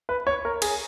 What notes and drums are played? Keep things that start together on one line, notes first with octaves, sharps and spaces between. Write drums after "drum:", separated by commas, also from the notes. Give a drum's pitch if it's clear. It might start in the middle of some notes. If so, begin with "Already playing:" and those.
B4
C#5
A#4
G#4, drum: cymbal